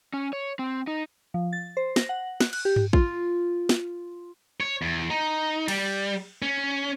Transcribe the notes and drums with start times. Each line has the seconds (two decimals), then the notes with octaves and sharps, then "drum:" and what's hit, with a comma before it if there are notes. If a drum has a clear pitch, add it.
0.13 C#4
0.33 C#5
0.59 C4
0.87 D#4
1.34 F3
1.53 A6
1.77 C5
1.96 A#6, drum: snare
2.09 F#5
2.40 F#6, drum: snare
2.53 F#6, drum: cymbal
2.65 G4
2.76 drum: tom G2
2.93 F4, drum: kick
3.69 drum: snare
4.60 C#5
4.82 E2
5.10 D#4
5.68 G3, drum: cymbal
6.42 C#4